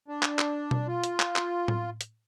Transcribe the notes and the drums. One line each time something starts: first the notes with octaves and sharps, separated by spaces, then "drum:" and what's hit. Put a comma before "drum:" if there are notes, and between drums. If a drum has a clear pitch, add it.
D4
drum: clap
drum: clap
drum: tom B2
F4
drum: hi-hat
drum: clap
drum: clap
drum: tom A2
drum: hi-hat